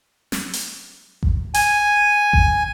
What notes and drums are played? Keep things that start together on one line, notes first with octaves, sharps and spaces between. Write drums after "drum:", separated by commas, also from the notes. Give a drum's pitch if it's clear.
drum: snare
drum: hi-hat
drum: kick G#1
G#5, drum: hi-hat
drum: kick G#1